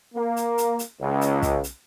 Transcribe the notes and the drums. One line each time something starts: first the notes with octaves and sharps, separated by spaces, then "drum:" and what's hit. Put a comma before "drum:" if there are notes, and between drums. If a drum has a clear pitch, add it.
A#3
drum: hi-hat
drum: hi-hat
drum: hi-hat
C#2
drum: hi-hat
drum: kick, hi-hat
drum: hi-hat